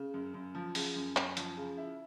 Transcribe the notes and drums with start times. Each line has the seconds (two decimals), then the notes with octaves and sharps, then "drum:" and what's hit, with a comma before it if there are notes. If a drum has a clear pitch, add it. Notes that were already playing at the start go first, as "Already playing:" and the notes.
Already playing: C#3
0.14 F#2
0.34 F#2
0.55 F3
0.75 C#3, drum: open hi-hat
0.96 F#2
1.17 F#2, drum: clap
1.37 F3, drum: hi-hat
1.57 C#3
1.77 E4